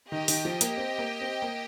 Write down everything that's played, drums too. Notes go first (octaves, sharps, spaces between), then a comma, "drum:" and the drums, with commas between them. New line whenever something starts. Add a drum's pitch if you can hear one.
D#3 G4 D#5 G5
D#3, drum: open hi-hat
F3
A#3, drum: hi-hat
C4
A#3
C4
A#3